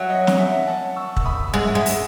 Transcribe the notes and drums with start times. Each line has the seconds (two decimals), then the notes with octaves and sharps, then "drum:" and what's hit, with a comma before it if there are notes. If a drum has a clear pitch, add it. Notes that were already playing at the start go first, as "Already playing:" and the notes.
Already playing: F#3 E5 G#5
0.10 D#5 F#5
0.27 F#5, drum: snare
0.39 E5 G#5
0.67 F#5 A5
0.96 C#6 E6
1.17 E6, drum: kick
1.25 B5 D#6
1.54 G#3 F#5
1.65 E5
1.75 G#3 D#5 F#5
1.86 drum: open hi-hat